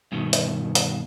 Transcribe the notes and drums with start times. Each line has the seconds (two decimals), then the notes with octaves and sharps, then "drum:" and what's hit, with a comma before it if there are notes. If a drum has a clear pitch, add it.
0.12 G2 B2 D#3
0.33 drum: hi-hat
0.75 drum: hi-hat